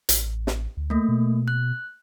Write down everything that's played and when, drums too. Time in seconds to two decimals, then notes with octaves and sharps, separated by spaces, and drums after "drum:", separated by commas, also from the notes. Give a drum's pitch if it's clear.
0.09 A1, drum: hi-hat
0.47 drum: snare
0.77 D2
0.90 A3 A#3
1.08 B2
1.48 F#6